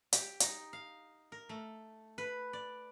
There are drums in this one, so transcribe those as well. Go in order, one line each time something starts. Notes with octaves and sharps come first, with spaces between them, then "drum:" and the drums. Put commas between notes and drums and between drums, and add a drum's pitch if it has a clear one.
G4, drum: hi-hat
D#4, drum: hi-hat
F5
A#4
A3
B4
D5